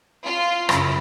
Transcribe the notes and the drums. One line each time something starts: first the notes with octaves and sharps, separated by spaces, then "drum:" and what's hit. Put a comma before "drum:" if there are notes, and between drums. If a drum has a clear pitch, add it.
F4
F#2 C#3 E4, drum: rim click